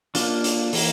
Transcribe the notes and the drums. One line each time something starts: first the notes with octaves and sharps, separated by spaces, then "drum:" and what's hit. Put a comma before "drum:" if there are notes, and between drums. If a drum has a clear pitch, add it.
A#3 D4 F4, drum: hi-hat
drum: hi-hat
E3 A#3 E4 A#4, drum: open hi-hat